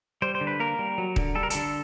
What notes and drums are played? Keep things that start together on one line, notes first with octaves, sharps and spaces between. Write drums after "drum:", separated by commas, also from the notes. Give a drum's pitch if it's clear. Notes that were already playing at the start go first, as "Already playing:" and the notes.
G3 C5
C5
D3
B4
A#3 A#4
G3
F#3
D3, drum: kick D#1
G3 A4
A#4
D3 A4, drum: hi-hat